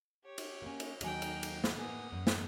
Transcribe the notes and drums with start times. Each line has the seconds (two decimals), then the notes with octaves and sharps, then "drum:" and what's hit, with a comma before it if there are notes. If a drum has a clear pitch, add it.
0.24 G4 C#5
0.38 drum: cymbal
0.62 A#3 C#4
0.80 drum: cymbal
1.01 D#2 F#3 D#4 G5 G#5, drum: cymbal
1.22 drum: cymbal
1.43 drum: cymbal
1.64 drum: snare
1.77 A#3 B4 F#5 G#5 D#6
2.12 F#2
2.27 drum: snare